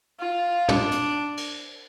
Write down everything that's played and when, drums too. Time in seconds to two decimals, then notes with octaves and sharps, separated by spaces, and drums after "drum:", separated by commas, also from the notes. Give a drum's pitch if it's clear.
0.20 F4
0.69 D4, drum: tom
0.92 drum: hi-hat
1.37 drum: cymbal